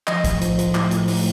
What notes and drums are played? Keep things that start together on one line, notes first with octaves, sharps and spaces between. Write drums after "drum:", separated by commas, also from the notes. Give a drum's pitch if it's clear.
F3 D#5, drum: clap
A2, drum: kick, hi-hat
F3, drum: hi-hat
F3, drum: hi-hat
A2, drum: clap
F3, drum: hi-hat
A2, drum: open hi-hat